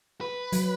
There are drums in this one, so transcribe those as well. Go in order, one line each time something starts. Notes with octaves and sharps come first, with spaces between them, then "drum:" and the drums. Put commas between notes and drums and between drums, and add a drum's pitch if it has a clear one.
B4
F#3, drum: hi-hat